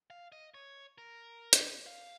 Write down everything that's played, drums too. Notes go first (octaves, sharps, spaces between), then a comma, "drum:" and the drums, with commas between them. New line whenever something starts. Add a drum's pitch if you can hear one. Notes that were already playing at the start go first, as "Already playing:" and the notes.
F5
D#5
C#5
A#4
drum: hi-hat
F5